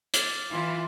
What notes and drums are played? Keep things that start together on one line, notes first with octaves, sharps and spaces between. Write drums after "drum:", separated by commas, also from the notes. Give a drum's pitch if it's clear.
D6 F6 A6, drum: hi-hat
E3 E4 F4